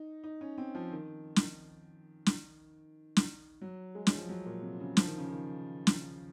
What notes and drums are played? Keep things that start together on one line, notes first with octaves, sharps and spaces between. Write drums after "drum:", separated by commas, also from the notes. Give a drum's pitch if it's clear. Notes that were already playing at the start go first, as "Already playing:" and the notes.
Already playing: D#4
D#4
C#4
C4
F3
D#3
drum: snare
drum: snare
drum: snare
F#3
G#3
drum: snare
F3
F#3
A#2
C3
C#3
F3, drum: snare
D#3
C#3
D#3
drum: snare